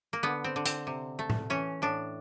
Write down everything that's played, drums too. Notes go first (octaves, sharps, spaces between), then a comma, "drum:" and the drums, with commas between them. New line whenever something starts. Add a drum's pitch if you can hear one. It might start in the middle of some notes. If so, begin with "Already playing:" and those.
A#3
D3 B3
C4
D3
C4, drum: hi-hat
C3
A3
drum: tom A2
E3 C#4
A2 D4